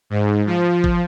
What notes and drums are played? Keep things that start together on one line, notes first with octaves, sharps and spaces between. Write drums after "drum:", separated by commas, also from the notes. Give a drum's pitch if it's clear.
G#2
F3
drum: kick G#1